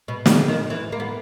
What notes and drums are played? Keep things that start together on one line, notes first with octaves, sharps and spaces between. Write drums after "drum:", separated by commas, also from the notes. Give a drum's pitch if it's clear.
B2
C#3, drum: snare
D#3
E3
A#3
B3